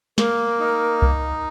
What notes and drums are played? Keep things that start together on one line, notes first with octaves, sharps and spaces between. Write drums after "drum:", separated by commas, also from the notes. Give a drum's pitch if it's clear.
A#3 A#4, drum: snare
D#4
drum: kick C2